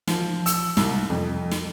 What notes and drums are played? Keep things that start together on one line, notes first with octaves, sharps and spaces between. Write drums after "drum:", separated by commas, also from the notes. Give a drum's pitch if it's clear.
F3, drum: snare
E6, drum: hi-hat
C2, drum: snare
F2
drum: snare